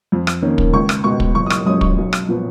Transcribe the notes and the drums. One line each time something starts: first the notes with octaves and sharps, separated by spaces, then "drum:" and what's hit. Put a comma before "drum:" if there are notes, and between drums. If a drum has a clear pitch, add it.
F2
drum: rim click
D#3 A#3 C#4
drum: kick
C#2 C#6
drum: rim click
B2 G#3 B3 C#6
drum: kick
F#1 C#6
D#6
C#6, drum: rim click
F#2 F3 G#3 C#4 D#6
C#6, drum: kick
B1
drum: rim click
A#2 F3 B3